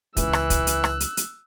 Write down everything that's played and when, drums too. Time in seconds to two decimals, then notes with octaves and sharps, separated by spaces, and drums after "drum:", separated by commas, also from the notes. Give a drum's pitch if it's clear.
0.17 C#2 E3 E6 F#6, drum: kick, hi-hat
0.33 drum: rim click
0.50 drum: kick, hi-hat
0.67 drum: hi-hat
0.84 drum: rim click
1.00 drum: hi-hat
1.17 drum: hi-hat